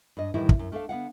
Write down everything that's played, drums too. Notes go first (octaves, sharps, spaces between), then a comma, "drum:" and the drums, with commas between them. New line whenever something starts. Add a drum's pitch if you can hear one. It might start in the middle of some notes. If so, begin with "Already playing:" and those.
G2 D#5
A2 D#3 E3 G3 A#3 E4
drum: kick
F#2
A3 D4 A4 E5 F5
D3 B3 F5 F#5